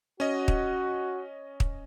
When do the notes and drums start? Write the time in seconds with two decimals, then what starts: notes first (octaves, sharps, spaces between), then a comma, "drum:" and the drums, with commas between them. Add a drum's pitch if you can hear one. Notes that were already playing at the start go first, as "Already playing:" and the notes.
0.20 C#4 F#4 D#5
0.48 drum: kick
1.60 drum: kick